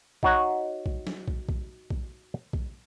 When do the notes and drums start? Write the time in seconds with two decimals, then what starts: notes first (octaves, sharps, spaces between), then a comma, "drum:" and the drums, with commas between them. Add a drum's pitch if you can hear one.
0.23 D#4 F#4 C#5 F#5 A#5, drum: kick
0.86 drum: kick
1.07 drum: snare
1.28 drum: kick
1.49 drum: kick
1.90 drum: kick
2.53 drum: kick